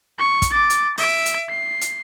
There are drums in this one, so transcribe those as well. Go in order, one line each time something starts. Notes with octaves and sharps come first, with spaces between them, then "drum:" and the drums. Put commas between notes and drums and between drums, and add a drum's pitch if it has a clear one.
C#6
drum: kick, hi-hat
D6 A6
drum: hi-hat
E5 D7, drum: open hi-hat
drum: hi-hat
C7
drum: hi-hat